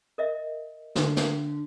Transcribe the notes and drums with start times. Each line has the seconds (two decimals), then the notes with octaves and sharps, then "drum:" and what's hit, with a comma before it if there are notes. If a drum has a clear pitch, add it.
0.18 A#4 D#5 E5
0.95 D3, drum: snare
1.17 drum: snare